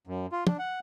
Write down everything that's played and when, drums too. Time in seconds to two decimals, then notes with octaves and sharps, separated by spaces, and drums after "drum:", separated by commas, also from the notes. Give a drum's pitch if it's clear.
0.07 F#2
0.32 F4
0.47 D4, drum: tom
0.59 F#5